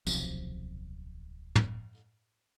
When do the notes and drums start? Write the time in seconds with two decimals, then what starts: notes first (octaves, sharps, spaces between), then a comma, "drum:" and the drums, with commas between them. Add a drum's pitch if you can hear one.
0.07 D1 B1 C3 F3, drum: tambourine
1.55 drum: tom